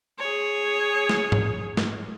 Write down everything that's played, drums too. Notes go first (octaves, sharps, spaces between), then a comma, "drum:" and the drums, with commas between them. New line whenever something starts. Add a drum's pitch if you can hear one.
G#4 C#5
drum: snare
drum: tom G#2
drum: snare